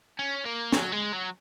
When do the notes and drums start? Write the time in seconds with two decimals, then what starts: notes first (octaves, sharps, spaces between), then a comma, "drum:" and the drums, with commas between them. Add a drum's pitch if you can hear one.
0.19 C#4
0.45 A#3
0.72 F#3, drum: snare
0.92 G#3
1.13 F#3